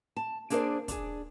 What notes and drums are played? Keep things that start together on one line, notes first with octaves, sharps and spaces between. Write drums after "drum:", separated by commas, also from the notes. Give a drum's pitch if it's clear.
A5
A#3 D4 G#4 A#4 C5 D5, drum: hi-hat
D4 G#4, drum: kick, hi-hat